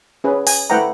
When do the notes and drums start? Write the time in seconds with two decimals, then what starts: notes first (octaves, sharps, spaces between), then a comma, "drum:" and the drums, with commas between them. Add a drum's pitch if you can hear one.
0.24 C#4 G#4 B4
0.47 G#5, drum: open hi-hat
0.70 A3 E4 B4 F#5 G5 A#5